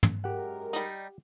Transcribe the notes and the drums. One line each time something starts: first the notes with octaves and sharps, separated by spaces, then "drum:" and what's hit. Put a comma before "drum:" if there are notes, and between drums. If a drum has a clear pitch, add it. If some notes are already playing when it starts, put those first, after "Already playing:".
drum: tom
F#2 G#3 G4 A#4 F#5
G3 D#4, drum: hi-hat